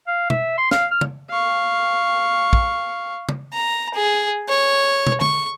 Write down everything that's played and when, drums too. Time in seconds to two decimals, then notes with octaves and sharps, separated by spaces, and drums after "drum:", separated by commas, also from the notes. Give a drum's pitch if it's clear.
0.07 F5
0.30 E5, drum: tom
0.58 C6
0.71 F5, drum: snare
0.91 F6
1.01 drum: tom
1.30 F5 C#6
2.53 drum: kick
3.29 drum: tom
3.53 A#5
3.94 G#4
4.49 C#5
5.07 drum: tom
5.21 C#6, drum: tom D3